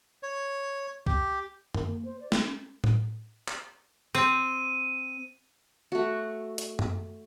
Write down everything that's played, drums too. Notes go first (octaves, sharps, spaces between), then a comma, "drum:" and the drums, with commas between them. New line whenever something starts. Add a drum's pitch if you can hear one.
C#5
G4, drum: kick C2
A#4, drum: tom F#2
A#3
C5
D5
D#4, drum: snare
C#4
drum: tom A2
drum: clap
C4 D#7
A3 F#4
drum: hi-hat
drum: tom F#2